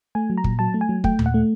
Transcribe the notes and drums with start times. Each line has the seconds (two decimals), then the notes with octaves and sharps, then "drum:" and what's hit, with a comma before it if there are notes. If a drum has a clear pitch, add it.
0.15 A3 G#5
0.30 F#3
0.38 A#5
0.44 A#2, drum: kick
0.59 F#3 A5
0.74 A3
0.81 G#5
0.89 F#3
1.04 A3 G5, drum: kick
1.19 A#2, drum: tom D#2
1.26 F#5
1.34 A3